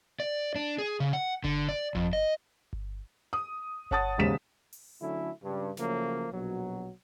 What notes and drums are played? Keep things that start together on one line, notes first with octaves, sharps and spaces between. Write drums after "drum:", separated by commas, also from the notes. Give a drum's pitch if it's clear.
D5
D4
G#4
C#3
F#5
D3, drum: kick G1
D5
F2, drum: kick G1
D#5
drum: kick G1
D#6
C#5 F#5 A5 D#6 A6, drum: kick G1
E1 D#2 G#2 C#3 B6 E7
drum: open hi-hat
D3 F#3 A3 C#4 E4
C#2 G2
C#3 F3 F#3 A3 A#3, drum: snare
A#1 B2 F#3